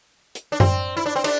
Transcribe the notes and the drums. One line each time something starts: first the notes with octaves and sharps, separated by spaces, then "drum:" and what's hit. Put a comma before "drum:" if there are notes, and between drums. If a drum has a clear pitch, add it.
drum: hi-hat
D4
C4, drum: tom F#2
E4
D4
C4
D4, drum: cymbal